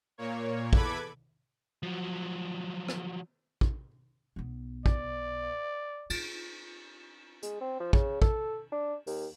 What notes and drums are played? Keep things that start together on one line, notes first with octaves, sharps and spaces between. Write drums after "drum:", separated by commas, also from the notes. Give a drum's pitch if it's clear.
A#2 A#3 C#5
E2 A4 B4 B5 D6 G#6, drum: kick
F3 F#3
drum: rim click
drum: kick
B1 B3
D5, drum: kick
D#4, drum: cymbal
G#3, drum: hi-hat
C4
F3
C#3, drum: kick
A4, drum: kick
D4
D#2, drum: open hi-hat